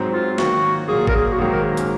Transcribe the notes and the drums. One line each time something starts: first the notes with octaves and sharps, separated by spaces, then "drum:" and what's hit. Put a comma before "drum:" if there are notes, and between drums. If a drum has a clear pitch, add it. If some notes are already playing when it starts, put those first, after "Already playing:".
Already playing: G#2 F#3 C4
F4
D#3 F#3 A#3 F#4, drum: snare
A#2 F#3 A#3 G#4
A#4, drum: kick G#1
G#4
F#4
G#2 D#3 F#3 A#3 G#4
A#4
G#4
C#4, drum: hi-hat